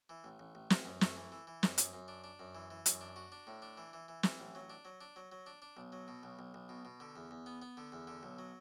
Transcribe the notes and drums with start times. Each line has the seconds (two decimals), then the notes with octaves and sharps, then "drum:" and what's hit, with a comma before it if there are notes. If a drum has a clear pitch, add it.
0.09 E3
0.24 A1
0.39 A1
0.55 A1
0.70 A1, drum: snare
0.85 F#2
1.01 A3, drum: snare
1.17 E3
1.32 E3
1.47 E3
1.63 F#2, drum: snare
1.78 F#2, drum: hi-hat
1.93 F#2
2.08 D4
2.24 D4
2.39 F#2
2.55 E3
2.70 E3
2.86 F#2, drum: hi-hat
3.01 D4
3.16 F#4
3.32 D4
3.47 A2
3.62 D4
3.77 E3
3.93 E3
4.08 E3
4.23 E3, drum: snare
4.40 A1
4.55 F#3
4.70 D4
4.85 F#3
5.01 D4
5.16 F#3
5.32 F#3
5.46 D4
5.62 D4
5.77 B1
5.92 F#3
6.08 B2
6.23 B1
6.39 B1
6.54 B1
6.69 B2
6.85 B2
7.00 D3
7.16 E2
7.31 E2
7.46 B3
7.62 B3
7.77 D3
7.92 E2
8.07 D3
8.23 B1
8.39 F#3